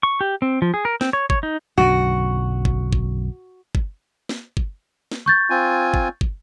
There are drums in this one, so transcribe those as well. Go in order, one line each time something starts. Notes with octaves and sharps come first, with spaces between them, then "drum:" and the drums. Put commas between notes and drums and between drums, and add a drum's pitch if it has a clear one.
C#6
G4
C4
F3
G#4
A#4
C4, drum: snare
C#5
C#5, drum: kick
D#4
B1 F#2 D3 F#4
drum: kick
drum: kick
drum: kick
drum: snare
drum: kick
drum: snare
C#6 G6 A6
C4 F4 G#5
drum: kick
drum: kick